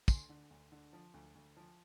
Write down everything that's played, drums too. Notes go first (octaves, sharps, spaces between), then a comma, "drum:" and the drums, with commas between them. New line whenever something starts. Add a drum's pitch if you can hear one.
D2 G#5 C6, drum: kick, tambourine
D3
D2
D3
F3
D2
D2
F3